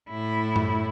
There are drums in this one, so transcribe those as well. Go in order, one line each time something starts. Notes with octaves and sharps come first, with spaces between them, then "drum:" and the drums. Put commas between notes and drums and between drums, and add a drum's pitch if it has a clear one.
A2 E4
drum: tom F#2